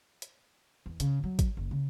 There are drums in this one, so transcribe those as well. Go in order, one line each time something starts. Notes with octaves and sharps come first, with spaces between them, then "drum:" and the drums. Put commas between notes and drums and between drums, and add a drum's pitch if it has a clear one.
drum: hi-hat
E2
C#3, drum: hi-hat
F#3
drum: kick G#1, hi-hat
F#1
C#3